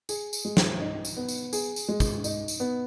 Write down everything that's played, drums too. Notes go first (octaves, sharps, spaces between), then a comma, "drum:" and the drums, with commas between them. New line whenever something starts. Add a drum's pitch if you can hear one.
G#4, drum: tambourine
drum: tambourine
G#3
drum: snare
D#4
drum: tambourine
B3
drum: tambourine
G#4, drum: tambourine
drum: tambourine
G#3
drum: kick, tambourine
D#4, drum: tambourine
drum: tambourine
B3